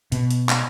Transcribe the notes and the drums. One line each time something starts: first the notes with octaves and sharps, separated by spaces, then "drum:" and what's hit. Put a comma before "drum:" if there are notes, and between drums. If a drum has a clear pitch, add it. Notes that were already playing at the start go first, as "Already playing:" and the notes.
B2, drum: hi-hat
drum: hi-hat
drum: clap